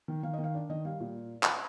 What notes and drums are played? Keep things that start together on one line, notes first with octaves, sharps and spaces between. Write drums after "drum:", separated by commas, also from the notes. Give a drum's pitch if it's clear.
D#3
D#3 F5
D#5
D#3
F5
D4 D5
D#3 D#5
G3 F5
A#2
drum: clap